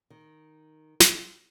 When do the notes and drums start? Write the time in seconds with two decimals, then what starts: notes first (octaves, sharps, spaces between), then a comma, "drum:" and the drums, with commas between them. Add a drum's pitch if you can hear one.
0.10 D#3
1.00 drum: snare